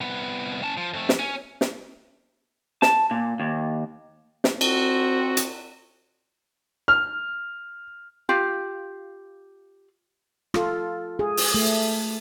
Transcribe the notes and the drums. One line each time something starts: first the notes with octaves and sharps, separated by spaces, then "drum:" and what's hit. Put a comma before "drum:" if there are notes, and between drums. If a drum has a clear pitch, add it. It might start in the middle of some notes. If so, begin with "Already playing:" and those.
C2 B3
C#4 A5
F3
F2 A3
drum: snare
C#4
drum: snare
A5, drum: snare
A#2
D#2
drum: snare
C4 F#4, drum: cymbal
drum: hi-hat
F6
F4 G4 F5
F4 A4, drum: rim click
G#4
drum: open hi-hat
A3